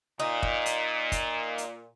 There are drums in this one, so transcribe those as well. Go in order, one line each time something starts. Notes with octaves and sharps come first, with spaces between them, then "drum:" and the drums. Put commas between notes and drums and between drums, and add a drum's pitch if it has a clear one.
A#2 D#4
drum: kick
drum: hi-hat
drum: kick, hi-hat
drum: hi-hat